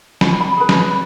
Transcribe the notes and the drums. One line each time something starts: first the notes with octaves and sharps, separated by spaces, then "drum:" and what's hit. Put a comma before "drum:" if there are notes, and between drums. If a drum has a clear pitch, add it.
D#4 B5, drum: snare
B5
G#4 B4 B5
drum: snare
B5